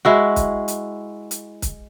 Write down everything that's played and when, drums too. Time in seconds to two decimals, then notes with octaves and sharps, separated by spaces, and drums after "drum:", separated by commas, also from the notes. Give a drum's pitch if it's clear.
0.05 G#3 E4 F#4
0.36 drum: kick, hi-hat
0.68 drum: hi-hat
1.31 drum: hi-hat
1.62 drum: kick, hi-hat